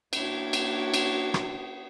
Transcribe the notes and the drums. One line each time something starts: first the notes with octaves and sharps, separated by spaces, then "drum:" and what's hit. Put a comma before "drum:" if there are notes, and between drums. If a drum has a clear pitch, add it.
A#3 D4 E4 F#4 C#5 G5, drum: cymbal
drum: cymbal
drum: cymbal
drum: rim click